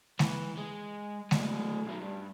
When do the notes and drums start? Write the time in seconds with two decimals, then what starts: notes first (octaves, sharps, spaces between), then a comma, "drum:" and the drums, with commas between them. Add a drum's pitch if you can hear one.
0.19 E3, drum: snare G#3
0.57 G#3
1.31 F#3 A3, drum: snare G#3
1.85 B1 F#3
2.01 G2